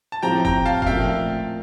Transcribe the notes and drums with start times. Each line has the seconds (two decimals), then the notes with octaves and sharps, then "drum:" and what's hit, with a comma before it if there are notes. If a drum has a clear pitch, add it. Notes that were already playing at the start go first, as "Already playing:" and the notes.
0.12 A5
0.23 A2 F3 C4 G4 G5 A#5
0.45 G5 A#5, drum: kick
0.65 F5 A5
0.82 F5, drum: kick
0.86 A#2 F3 A3 E5 G5